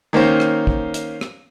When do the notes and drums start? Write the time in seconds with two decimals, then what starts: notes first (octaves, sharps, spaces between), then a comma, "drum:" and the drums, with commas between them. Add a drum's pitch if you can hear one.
0.13 D#3 A#3 C#4 C5
0.40 drum: rim click
0.67 drum: kick
0.94 drum: hi-hat
1.21 drum: rim click